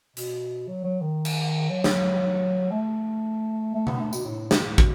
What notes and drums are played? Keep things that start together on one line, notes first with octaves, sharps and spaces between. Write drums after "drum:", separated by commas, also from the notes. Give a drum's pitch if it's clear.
B2, drum: hi-hat
F#3
F#3
D#3
drum: cymbal
F#3
drum: snare
A3
A3
B3, drum: tom B2
A3
B2, drum: tambourine
A2
B2, drum: snare
A2
B2, drum: kick